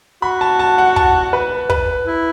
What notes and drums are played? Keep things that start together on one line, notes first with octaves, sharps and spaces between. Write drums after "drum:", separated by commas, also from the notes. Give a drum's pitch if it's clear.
F#4 B5
A5
A5
F#5
A5, drum: kick
B4
B4, drum: kick
E4